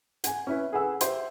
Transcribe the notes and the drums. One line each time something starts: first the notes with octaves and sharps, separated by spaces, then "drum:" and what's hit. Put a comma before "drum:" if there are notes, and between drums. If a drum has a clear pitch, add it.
F#5 G#5, drum: hi-hat
C#4 E4 B4
G#4 A4 B4 F#5 G#5 E6
G4 C5 E5, drum: hi-hat